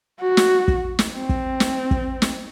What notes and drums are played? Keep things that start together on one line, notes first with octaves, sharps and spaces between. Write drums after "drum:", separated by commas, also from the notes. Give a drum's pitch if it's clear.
F#4
drum: snare
drum: kick
drum: snare
C4
drum: kick
drum: snare
drum: kick
drum: snare